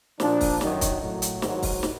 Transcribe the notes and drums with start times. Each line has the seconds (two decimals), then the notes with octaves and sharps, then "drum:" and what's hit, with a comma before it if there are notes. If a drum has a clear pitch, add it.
0.20 A#2 F3 D4, drum: snare
0.41 drum: kick, open hi-hat
0.61 F#2 D#3 F#3, drum: snare
0.81 drum: kick, hi-hat
1.02 A2 F#3
1.22 drum: hi-hat
1.42 G#2 D#3 F#3, drum: snare
1.62 drum: kick, open hi-hat
1.83 drum: snare